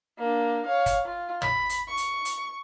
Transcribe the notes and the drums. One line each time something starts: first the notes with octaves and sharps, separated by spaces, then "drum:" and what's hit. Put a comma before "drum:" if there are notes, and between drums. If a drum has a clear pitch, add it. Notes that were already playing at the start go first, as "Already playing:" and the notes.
A#3 D4
C#5 F5
drum: kick, hi-hat
F4
B5, drum: tom
drum: hi-hat
C#6
drum: hi-hat
drum: hi-hat